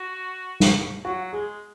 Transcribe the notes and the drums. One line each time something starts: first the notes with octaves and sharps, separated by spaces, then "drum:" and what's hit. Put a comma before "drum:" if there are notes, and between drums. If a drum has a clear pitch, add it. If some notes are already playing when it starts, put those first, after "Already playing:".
Already playing: F#4
drum: snare
F#3 F#4
G#3 G#4